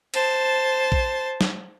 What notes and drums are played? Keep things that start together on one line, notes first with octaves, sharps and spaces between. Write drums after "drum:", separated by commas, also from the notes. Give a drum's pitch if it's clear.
C5 A5, drum: cymbal
drum: kick A#1
drum: snare